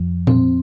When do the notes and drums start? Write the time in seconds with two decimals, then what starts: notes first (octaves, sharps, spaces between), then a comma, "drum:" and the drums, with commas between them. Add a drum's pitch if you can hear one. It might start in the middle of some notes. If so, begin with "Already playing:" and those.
Already playing: F2 F3
0.27 C4, drum: tom A#2